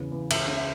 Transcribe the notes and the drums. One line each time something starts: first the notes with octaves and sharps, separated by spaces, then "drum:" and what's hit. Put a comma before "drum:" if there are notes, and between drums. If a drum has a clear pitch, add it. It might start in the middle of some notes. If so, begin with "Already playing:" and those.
Already playing: E2 C#3
E2
C#2 E5, drum: cymbal
C#3
E5